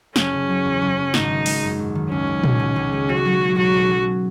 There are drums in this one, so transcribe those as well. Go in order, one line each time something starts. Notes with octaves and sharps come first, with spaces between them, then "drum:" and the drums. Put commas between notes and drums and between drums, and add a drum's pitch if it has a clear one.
F#1 C#4, drum: snare
C#3
F#3
E2
F#1
C#3
G#1 D#4, drum: snare
D#3
G#3, drum: open hi-hat
F#2
G#1
D#3
C#2 C#4
G#3
C#2, drum: tom A#2
B2
C#2
G#3
B1 F#4
F#3
C#4
B2 F#4
B1
F#3